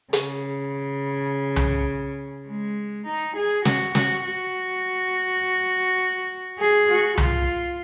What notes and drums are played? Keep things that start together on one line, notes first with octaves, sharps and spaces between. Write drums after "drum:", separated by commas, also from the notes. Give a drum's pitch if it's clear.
C#3, drum: hi-hat
drum: tom C2
G#3
D#4
G#4
F#4, drum: snare
F#4, drum: snare
F#4
G#4
F#4
F4, drum: tom C2